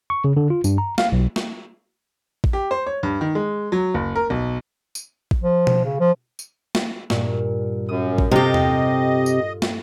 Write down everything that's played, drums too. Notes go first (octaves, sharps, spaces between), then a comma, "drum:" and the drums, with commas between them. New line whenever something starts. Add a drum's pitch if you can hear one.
C#6
C#3
D3
F4
G2, drum: tambourine
A#5
F5, drum: snare
B1
drum: snare
drum: kick A1
G4
C5
C#5
G2
D#3
G#3
F#3
F#1
A#4
B1
drum: tambourine
drum: kick A1
F3
drum: tom B2
C#3
F3
drum: tambourine
drum: snare
G2 A#2, drum: snare
F#2 D#6
drum: kick A1
C3 F4 G4 A4 D#5
drum: tom E2
drum: tambourine
drum: snare